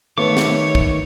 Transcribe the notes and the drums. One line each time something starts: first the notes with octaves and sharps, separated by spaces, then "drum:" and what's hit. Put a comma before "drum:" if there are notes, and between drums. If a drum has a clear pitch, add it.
D#3 A3 B3 C#5 E5 C#6 D6
drum: snare
drum: kick